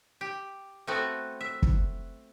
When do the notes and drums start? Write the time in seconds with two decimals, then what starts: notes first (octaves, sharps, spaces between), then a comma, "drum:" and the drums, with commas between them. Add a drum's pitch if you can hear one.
0.21 G4
0.87 A3 B3 C4 F#4
1.41 E5
1.62 drum: kick